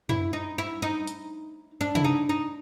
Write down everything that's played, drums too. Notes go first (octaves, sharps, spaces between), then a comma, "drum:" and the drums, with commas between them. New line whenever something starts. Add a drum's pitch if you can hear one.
E4, drum: tom F#2
D#4
E4
D#4
drum: hi-hat
D4
E4, drum: tom C3
D#4
D#4